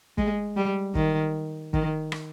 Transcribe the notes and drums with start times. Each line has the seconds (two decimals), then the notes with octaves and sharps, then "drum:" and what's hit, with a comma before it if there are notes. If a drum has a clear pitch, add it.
0.18 G#3, drum: kick
0.57 G3
0.95 D#3, drum: kick
1.74 D#3, drum: kick
2.12 drum: rim click